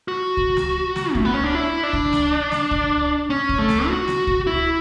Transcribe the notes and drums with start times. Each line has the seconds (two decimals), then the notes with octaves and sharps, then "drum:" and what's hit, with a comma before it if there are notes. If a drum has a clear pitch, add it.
0.08 F#4
0.37 drum: kick C#2
0.57 drum: snare
0.96 drum: snare
1.15 A3, drum: kick C#2
1.25 B3
1.34 C#4
1.44 D4
1.55 E4
1.83 D4
1.93 drum: kick C#2
2.13 drum: snare
2.52 drum: snare
2.71 drum: kick C#2
3.30 C#4
3.49 drum: kick C#2
3.58 A3
3.69 drum: snare
3.88 F#4
4.08 drum: snare
4.27 drum: kick C#2
4.47 E4